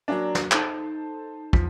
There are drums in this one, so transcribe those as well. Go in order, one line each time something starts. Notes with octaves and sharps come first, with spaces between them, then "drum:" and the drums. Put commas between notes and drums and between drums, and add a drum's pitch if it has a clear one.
F#3 A#3 D4 D5 G#5 A#5
drum: snare
D#4 A4 C5 A5, drum: clap
E2 F3 B6, drum: kick